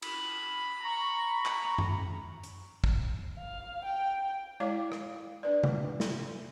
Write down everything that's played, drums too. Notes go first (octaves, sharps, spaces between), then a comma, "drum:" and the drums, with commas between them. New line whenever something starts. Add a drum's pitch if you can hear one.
B5, drum: cymbal
A#5 C#6
drum: clap
drum: tom F#2
drum: hi-hat
drum: kick
F5
G5
G#3 E4 C#5 F5 D6
drum: rim click
D4 B4 D5
drum: tom C3
drum: snare